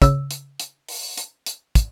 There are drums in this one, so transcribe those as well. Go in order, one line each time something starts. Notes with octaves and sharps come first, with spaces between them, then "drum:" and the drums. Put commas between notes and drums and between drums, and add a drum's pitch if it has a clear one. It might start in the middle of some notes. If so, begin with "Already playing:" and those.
C#3 E6, drum: kick, hi-hat
drum: hi-hat
drum: hi-hat
drum: open hi-hat
drum: hi-hat
drum: hi-hat
drum: kick, hi-hat